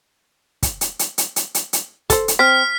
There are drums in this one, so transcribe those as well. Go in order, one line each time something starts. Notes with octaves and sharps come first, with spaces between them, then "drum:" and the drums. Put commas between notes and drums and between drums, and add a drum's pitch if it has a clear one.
drum: kick, hi-hat
drum: hi-hat
drum: hi-hat
drum: hi-hat
drum: hi-hat
drum: hi-hat
drum: hi-hat
A4 C5, drum: kick, hi-hat
drum: hi-hat
C4 F6 B6